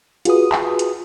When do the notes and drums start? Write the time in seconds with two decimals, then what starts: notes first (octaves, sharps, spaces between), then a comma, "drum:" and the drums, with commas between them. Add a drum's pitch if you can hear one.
0.25 F4 F#4 G#4 B4 D#6, drum: hi-hat
0.52 drum: clap
0.79 drum: hi-hat